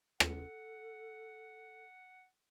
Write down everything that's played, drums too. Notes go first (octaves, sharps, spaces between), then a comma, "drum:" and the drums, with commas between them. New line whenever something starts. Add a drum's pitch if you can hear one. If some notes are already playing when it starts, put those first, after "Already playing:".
A4 F#5, drum: rim click